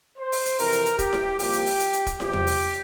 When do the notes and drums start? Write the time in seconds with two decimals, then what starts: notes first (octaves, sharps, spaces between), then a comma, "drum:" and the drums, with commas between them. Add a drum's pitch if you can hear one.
0.18 C5
0.32 drum: open hi-hat
0.46 drum: hi-hat
0.59 F2 C3 E3 A#4, drum: open hi-hat
0.72 drum: hi-hat
0.86 drum: hi-hat
0.99 G4, drum: kick, hi-hat
1.13 drum: snare E4
1.39 C2 A#2 F3 G4, drum: open hi-hat
1.53 drum: hi-hat
1.66 drum: open hi-hat
1.80 drum: hi-hat
1.93 drum: hi-hat
2.06 drum: kick, hi-hat
2.20 E2 C3 F3 G4, drum: snare E4
2.33 drum: tom E2
2.47 drum: open hi-hat